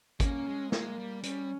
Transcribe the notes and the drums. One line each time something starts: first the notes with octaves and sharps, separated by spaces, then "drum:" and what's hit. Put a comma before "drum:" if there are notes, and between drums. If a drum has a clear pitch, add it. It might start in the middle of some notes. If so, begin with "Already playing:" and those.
A#3 C#4, drum: kick, hi-hat
G#3
G#3 A#3, drum: snare
G3
G3 C#4, drum: hi-hat